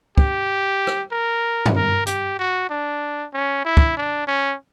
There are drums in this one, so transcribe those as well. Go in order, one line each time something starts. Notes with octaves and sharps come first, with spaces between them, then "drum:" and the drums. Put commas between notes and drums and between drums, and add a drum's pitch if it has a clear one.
G4, drum: kick
drum: rim click
A#4
drum: tom
A#4
G4, drum: hi-hat
F#4
D4
C#4
E4
drum: kick
D4
C#4